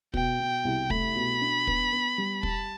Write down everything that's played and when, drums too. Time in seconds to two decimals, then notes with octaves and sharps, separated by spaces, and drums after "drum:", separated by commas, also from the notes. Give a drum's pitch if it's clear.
0.14 B2 G5, drum: kick
0.40 B2
0.65 C2
0.90 A3 B5, drum: kick
1.16 B2
1.41 D4
1.67 B3, drum: kick
1.92 B3
2.18 G3
2.43 G3 A5, drum: kick